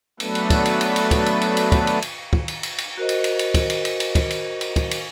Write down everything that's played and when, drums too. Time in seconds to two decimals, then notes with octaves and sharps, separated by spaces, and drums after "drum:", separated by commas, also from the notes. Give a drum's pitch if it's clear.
0.20 F#3 A3 B3 D4 A4 B4, drum: cymbal
0.35 drum: cymbal
0.50 drum: kick, cymbal
0.65 drum: cymbal
0.81 drum: cymbal
0.96 drum: cymbal
1.11 drum: kick, cymbal
1.26 drum: cymbal
1.41 drum: cymbal
1.57 drum: cymbal
1.72 drum: kick, cymbal
1.87 drum: cymbal
2.02 drum: cymbal
2.33 drum: kick
2.48 drum: cymbal
2.63 drum: cymbal
2.78 drum: cymbal
2.97 F#4 A#4 C5 D#5
3.09 drum: cymbal
3.24 drum: cymbal
3.39 drum: cymbal
3.54 drum: kick, cymbal
3.70 drum: cymbal
3.85 drum: cymbal
4.00 drum: cymbal
4.15 drum: kick, cymbal
4.30 drum: cymbal
4.61 drum: cymbal
4.76 drum: kick, cymbal
4.91 drum: cymbal